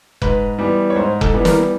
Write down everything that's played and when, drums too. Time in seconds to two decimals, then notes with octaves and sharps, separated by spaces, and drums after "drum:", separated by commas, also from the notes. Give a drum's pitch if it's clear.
0.22 G#2 B4, drum: kick F1
0.58 E3 G3 B3
0.90 C#5
0.96 G#2 C5
1.21 A4, drum: kick F1
1.33 E3 G3 B3
1.45 A#4, drum: snare